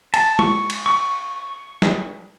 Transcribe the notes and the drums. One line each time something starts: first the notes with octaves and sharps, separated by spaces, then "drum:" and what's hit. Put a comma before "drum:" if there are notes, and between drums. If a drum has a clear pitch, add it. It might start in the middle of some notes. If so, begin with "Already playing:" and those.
A5, drum: cymbal
C#6, drum: tom G#3
drum: cymbal
C#6
drum: snare